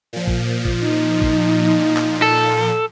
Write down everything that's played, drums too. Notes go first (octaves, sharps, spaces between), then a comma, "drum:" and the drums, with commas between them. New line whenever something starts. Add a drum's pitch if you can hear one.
A#2 F3
drum: kick
drum: kick
D#4
drum: kick
drum: clap
A4